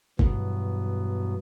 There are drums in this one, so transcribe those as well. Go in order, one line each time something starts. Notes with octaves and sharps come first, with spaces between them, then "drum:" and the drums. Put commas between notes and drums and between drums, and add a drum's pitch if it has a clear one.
E2 G2 B2 F#3 B3, drum: kick